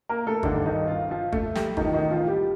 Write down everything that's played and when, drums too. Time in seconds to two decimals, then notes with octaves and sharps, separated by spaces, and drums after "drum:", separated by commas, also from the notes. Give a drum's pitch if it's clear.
0.09 A#3 A#4
0.27 A3 A4
0.43 G1 G2 D3 D#3 D4, drum: kick
0.65 D#3 D#4
0.87 F3 F4
1.10 F3 F4
1.32 A3 A4, drum: kick
1.55 G3 G4, drum: snare
1.77 A1 A2 D#3 F3 D#4, drum: kick
1.93 D#3 D#4
2.11 F3 F4
2.27 G3 G4